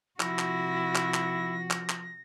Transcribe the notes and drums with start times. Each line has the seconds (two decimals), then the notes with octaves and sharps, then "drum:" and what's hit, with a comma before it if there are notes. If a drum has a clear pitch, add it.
0.20 C3 F3 E4 F#4 A#6, drum: clap
0.39 drum: clap
0.95 drum: clap
1.14 drum: clap
1.71 drum: clap
1.90 drum: clap